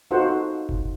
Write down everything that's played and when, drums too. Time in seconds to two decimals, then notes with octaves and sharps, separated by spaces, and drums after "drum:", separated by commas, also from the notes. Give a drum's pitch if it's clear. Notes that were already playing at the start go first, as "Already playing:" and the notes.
0.11 D#4 F4 F#4 A4 C5 F#5
0.69 drum: kick F#1